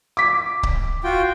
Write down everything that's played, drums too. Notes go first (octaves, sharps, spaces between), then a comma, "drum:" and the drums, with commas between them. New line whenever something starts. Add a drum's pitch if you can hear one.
D6 B6
drum: kick C#1
F4 F#4 G5